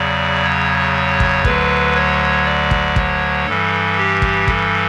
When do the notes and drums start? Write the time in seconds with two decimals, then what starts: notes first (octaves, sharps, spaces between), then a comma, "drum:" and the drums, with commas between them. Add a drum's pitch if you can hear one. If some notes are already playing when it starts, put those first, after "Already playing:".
Already playing: E2 C#3 F#3 D5
0.44 C#5
1.20 drum: kick
1.45 D2 D3 F#3 B4, drum: kick
1.95 C#5
2.46 D5
2.71 drum: kick
2.96 C#5, drum: kick
3.46 G2 E3 G3 A4
3.97 G4
4.22 drum: kick
4.48 A4, drum: kick